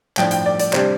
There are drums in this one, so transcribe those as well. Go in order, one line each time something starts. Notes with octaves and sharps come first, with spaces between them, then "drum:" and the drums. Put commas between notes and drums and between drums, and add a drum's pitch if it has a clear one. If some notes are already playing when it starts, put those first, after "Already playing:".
A2 F3 D4 G5, drum: clap
G5, drum: hi-hat
D5
D5, drum: hi-hat
C3 G3 D4 C5, drum: clap